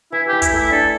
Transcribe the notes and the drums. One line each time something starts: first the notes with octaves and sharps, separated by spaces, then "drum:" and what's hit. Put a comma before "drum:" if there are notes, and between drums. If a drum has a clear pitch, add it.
E3 E4
E3 G4
E4, drum: kick, hi-hat
A3
E4
D4 A4